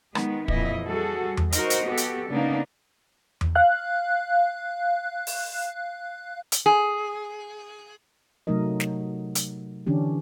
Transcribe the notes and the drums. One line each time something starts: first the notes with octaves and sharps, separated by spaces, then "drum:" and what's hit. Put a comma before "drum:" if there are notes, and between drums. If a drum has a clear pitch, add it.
D#3 G#3 B3, drum: rim click
F2 A#2 E3 E4 D#5, drum: kick
G3 F#4 G#4 A4
drum: tom E2
D#4 F#4 A#4 C5 D#5, drum: hi-hat
drum: hi-hat
B3 F#4 G4 A4
drum: hi-hat
C#3 A#3 B3 D4 D#4
drum: tom E2
F5 F#6
drum: open hi-hat
drum: hi-hat
G#4
C3 F#3 A3 D#4 A#4 D#5
drum: snare
drum: hi-hat
D3 E3 C#4 D4 G4